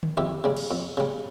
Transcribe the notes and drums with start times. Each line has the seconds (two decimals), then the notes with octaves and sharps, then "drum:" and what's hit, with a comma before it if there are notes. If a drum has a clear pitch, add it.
0.03 drum: tom D3
0.17 F2 E4 G4
0.44 C#3 G3
0.57 drum: cymbal
0.71 F2
0.97 C#3 G3